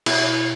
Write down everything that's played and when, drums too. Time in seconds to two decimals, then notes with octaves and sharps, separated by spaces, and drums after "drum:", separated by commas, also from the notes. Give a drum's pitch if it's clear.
0.06 B2 E4, drum: cymbal